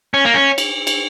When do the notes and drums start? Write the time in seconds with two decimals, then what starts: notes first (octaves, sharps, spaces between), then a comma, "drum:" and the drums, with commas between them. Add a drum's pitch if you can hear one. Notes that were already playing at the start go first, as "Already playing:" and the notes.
0.14 C#4
0.25 A#3
0.34 C#4
0.58 drum: cymbal
0.87 drum: cymbal